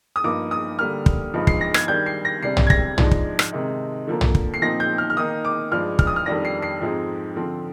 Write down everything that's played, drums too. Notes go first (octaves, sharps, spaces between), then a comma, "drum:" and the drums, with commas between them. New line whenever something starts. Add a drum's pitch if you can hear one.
D#6
G2 F3 A#3 D#4 D6
D#6
D3 G3 A#3 F6
drum: kick
G2 F3 G#3 D#4
C7, drum: kick
A#6
G#6, drum: rim click
D#3 G3 D4 G6
C7
A#6
C3 G3 D4 C7
drum: tom
G#6
A#6, drum: kick
G#2 F3 G#3 D4, drum: tom
drum: kick
drum: rim click
C3 D#3 G#3 D#4
D3 F3 A#3
drum: tom
drum: kick
C7
A#2 F3 C4 D#4 A#6
G6
F6
F6
D#3 A#3 D#4 D#6
D6
G2 F3 G#3 D4 F6
F6, drum: kick
D#6
F6
F2 D#3 G3 D4 A#6
C7
C7
G#2 F3 G#3 C4 D#4
D3 F3 C4